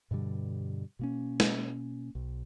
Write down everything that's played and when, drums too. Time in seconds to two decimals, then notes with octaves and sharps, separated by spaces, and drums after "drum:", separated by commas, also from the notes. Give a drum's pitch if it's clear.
0.11 G2 B2 D3 G3
0.99 B2 A#3 C#4
1.40 drum: snare
2.15 B1